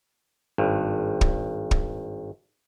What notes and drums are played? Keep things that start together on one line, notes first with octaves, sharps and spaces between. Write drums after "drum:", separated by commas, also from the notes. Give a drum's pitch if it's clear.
G#1 G2
drum: kick
drum: kick